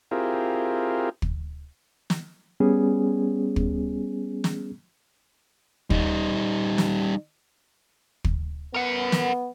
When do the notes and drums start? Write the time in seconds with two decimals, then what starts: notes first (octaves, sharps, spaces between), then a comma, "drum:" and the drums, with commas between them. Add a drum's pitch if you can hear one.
0.11 C4 E4 F4 G4 G#4 A#4
1.22 drum: kick
2.10 drum: snare
2.60 G3 B3 C#4 G#4
3.56 drum: kick
4.44 drum: snare
5.90 G3 D#4, drum: kick
6.78 drum: snare
8.24 drum: kick
8.75 B3 A#4 F#5
9.12 drum: snare